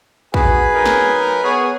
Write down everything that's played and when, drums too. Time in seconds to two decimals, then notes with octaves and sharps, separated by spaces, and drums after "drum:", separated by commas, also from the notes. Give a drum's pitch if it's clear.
0.34 F#4 G#4 B4, drum: kick
0.74 F#3 D#4 A#4
0.85 drum: snare
1.44 B3 G#4 C#5